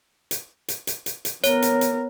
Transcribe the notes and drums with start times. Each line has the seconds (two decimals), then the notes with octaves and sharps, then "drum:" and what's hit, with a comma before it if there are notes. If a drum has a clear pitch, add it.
0.31 drum: hi-hat
0.68 drum: hi-hat
0.87 drum: hi-hat
1.06 drum: hi-hat
1.25 drum: hi-hat
1.44 B3 A#4 C#5, drum: hi-hat
1.62 drum: hi-hat
1.81 drum: hi-hat